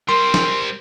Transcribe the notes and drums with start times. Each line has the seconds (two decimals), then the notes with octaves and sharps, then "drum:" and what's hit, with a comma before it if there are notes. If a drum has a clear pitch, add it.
0.09 G3 C4 A#4 C6
0.34 drum: snare